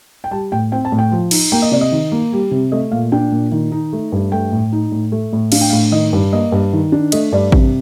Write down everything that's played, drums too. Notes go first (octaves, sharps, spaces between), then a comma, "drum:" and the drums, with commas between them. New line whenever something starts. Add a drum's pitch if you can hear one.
G5
G3 A5
A2 G5
C4 G5
A5
A2
G5
F3
D#4, drum: cymbal
A#3 G5
D#5
C3 D5
D#5
D#3
A#3
G3
C3
A3 D#5
A#2 F5
D4 G5
A#2
D#3
D#4
A3
G2
A3 G5
A2
D#4
A2
A3
A2
D4 F5, drum: cymbal
G5
F5
A2
D#3 D#5
G2
A#3 D#5
G2
D#3
D4
A3 D#5, drum: cymbal
G2 D5
C3, drum: kick A1